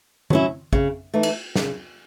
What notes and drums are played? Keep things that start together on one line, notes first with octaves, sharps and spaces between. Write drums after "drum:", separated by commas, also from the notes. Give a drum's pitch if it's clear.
F#3 C#4 E4, drum: tom D#3
C#3, drum: kick
E3 A3 D#4
drum: cymbal
C#3, drum: snare